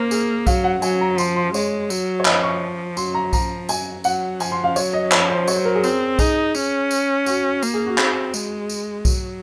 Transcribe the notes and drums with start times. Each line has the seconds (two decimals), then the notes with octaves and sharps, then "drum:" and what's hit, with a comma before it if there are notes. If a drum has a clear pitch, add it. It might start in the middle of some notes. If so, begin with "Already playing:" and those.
Already playing: A#3 A#4 C5
0.11 G#4, drum: tambourine
0.47 F#3 F5, drum: kick B1, tambourine
0.64 F#5
0.82 F#3 G#5, drum: tambourine
1.01 A#5
1.18 F3 C6, drum: tambourine
1.36 C6
1.54 G#3 C#5, drum: tambourine
1.90 F#3, drum: tambourine
2.20 C#5
2.25 F3 D#5, drum: clap
2.43 C#6
2.97 F#3 C6, drum: tambourine
3.15 A#5
3.33 F3 A#5, drum: kick B1, tambourine
3.69 F#3 G#5, drum: tambourine
4.04 F#3 F#5, drum: tambourine
4.40 F3 G#5, drum: tambourine
4.52 C6
4.64 F5
4.76 F#3 C#5, drum: tambourine
4.93 D#5
5.12 F3 C#5, drum: clap
5.30 C5
5.47 F#3 C#5, drum: tambourine
5.56 C5
5.65 A#4
5.75 G#4
5.84 C4, drum: tambourine
6.19 D#4 G#4, drum: kick B1, tambourine
6.55 C#4, drum: tambourine
6.91 drum: tambourine
7.26 F#4, drum: tambourine
7.63 A#3, drum: tambourine
7.74 G#4
7.86 F#4
7.98 C4, drum: clap
8.34 G#3, drum: tambourine
8.69 drum: tambourine
9.05 F#3, drum: kick B1, tambourine